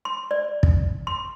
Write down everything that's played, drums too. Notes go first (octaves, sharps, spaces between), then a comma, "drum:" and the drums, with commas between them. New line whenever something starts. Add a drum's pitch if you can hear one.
C6
D5
drum: kick
C6